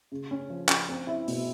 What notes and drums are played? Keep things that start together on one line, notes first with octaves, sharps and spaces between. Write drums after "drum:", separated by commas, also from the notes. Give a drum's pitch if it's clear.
C#3
C#4
F3
C#4, drum: clap
C4
E4
B2, drum: open hi-hat